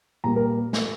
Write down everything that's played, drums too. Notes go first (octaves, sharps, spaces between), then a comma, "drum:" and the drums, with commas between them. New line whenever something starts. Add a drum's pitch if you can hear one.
A#2 G3 A#3 A#5
A#4
drum: snare